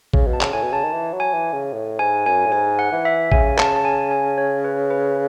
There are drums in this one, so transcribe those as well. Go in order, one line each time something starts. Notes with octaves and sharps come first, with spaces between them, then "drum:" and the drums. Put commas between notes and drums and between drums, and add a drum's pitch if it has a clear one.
C#3, drum: kick A1
B2
A5
C#3, drum: clap
A2 G#5
B2
C#3 A5
D#3
E3
F#3
G#5
E3
C#3
A2
G#2 G#5
F#2 G#5
A2
G#2 G#5
F#5
E3
E5
C#3 G#5, drum: kick A1
A5, drum: clap
A5
G#5
G#5
C#5
B4
B4